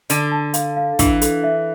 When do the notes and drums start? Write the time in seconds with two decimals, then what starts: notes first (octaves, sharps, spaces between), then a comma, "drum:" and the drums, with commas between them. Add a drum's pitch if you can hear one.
0.10 D3 D5, drum: hi-hat
0.32 A5
0.54 F5, drum: hi-hat
0.76 F5
0.99 E3 D4, drum: kick, hi-hat
1.21 A4, drum: hi-hat
1.44 E5